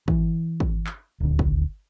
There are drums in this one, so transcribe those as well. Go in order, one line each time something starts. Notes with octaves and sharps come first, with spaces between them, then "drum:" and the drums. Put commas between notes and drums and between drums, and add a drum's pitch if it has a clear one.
E3, drum: kick
drum: kick
drum: clap
D#1 D2
drum: kick